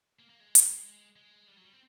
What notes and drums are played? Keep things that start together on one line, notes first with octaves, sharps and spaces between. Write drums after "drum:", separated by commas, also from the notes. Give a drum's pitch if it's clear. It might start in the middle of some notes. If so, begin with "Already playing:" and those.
A#3
A#3
G#3
drum: hi-hat
G#3
G3
F#3
G3
C4